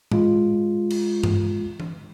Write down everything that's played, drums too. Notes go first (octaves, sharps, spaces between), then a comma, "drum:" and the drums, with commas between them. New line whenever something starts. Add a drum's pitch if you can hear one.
G#3 F4, drum: tom G#2
drum: cymbal
drum: tom G2
drum: tom E3